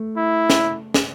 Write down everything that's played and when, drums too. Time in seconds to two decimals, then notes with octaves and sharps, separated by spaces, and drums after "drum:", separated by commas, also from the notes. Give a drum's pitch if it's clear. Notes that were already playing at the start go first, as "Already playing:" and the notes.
Already playing: A3
0.17 E4
0.50 drum: snare
0.94 drum: snare